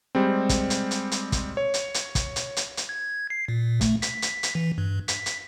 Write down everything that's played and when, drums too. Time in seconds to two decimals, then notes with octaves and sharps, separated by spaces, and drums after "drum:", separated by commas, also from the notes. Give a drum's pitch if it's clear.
0.15 G3 G#3 C4
0.49 drum: kick, hi-hat
0.70 drum: hi-hat
0.91 drum: hi-hat
1.12 drum: hi-hat
1.32 drum: kick, hi-hat
1.57 C#5
1.74 drum: hi-hat
1.94 drum: hi-hat
2.15 drum: kick, hi-hat
2.36 drum: hi-hat
2.57 drum: hi-hat
2.77 drum: hi-hat
2.89 G#6
3.30 C7
3.48 A#2
3.81 A3, drum: kick, hi-hat
4.02 B6, drum: hi-hat
4.22 drum: hi-hat
4.43 drum: hi-hat
4.55 E3
4.78 G2
5.08 B6, drum: hi-hat
5.26 drum: hi-hat